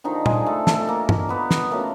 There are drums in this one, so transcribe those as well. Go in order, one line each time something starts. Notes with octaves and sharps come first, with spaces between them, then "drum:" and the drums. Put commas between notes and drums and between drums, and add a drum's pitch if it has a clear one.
D3 D#3 F3 G#3 D#4
G#3 G#4, drum: tom
A3 A4
A3 A4, drum: snare
A#3 A#4
drum: tom G2
B3 B4
drum: snare
C#3 F#3 A3 A#3 A#4